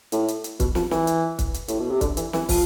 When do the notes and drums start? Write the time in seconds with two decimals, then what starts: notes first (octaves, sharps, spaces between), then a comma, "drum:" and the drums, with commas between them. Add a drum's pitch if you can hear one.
0.12 A2, drum: hi-hat
0.28 drum: hi-hat
0.44 drum: hi-hat
0.60 B2, drum: kick, hi-hat
0.75 F3, drum: snare
0.91 E3, drum: snare
1.07 drum: hi-hat
1.39 drum: kick, hi-hat
1.54 drum: hi-hat
1.68 A2, drum: hi-hat
1.80 B2
1.91 C3
2.01 D3, drum: kick, hi-hat
2.17 E3, drum: hi-hat
2.33 E3, drum: snare
2.49 F3, drum: kick, open hi-hat